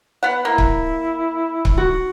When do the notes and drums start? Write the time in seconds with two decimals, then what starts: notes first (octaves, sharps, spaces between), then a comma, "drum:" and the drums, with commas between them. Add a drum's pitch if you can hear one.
0.23 B3 F#5
0.45 A#3 E4
0.58 drum: kick C#1
1.65 drum: kick C#1
1.77 F#4